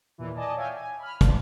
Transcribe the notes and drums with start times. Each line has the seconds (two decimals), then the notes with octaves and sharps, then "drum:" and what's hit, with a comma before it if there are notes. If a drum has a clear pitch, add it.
0.18 D#2 A#2 E3
0.36 D5 D#5 G#5 A5
0.56 C#5 E5 F5 G5 G#5
0.74 G#5
0.99 B5 F6
1.21 D4 F4, drum: kick, hi-hat